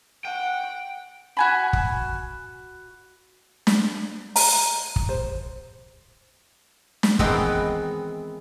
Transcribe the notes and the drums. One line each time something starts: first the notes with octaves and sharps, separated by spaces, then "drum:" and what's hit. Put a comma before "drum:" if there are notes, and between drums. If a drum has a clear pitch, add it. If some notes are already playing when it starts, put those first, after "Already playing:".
F#5 G5
F#4 G#5 B5
drum: kick
drum: snare
A#5, drum: open hi-hat
drum: kick
C5
drum: snare
D#3 E3 G#3 B3 C4, drum: kick